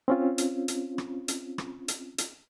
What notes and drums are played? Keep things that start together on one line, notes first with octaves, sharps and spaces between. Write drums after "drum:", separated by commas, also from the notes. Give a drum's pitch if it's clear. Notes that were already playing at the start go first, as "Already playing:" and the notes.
C4 C#4 F4
drum: hi-hat
drum: hi-hat
drum: rim click
drum: hi-hat
drum: rim click
drum: hi-hat
drum: hi-hat